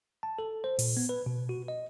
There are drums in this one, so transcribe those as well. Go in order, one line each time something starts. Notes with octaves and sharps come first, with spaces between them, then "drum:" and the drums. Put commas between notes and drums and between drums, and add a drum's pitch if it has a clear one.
A5
A4
C5
A#2, drum: open hi-hat
B3
B4
B2
F#4
D#5